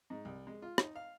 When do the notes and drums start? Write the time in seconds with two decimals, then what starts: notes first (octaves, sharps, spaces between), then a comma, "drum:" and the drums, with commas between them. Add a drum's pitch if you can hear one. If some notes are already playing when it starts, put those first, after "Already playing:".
0.10 G#2
0.25 C2
0.47 G#3
0.62 F4
0.78 D#4, drum: rim click
0.95 F5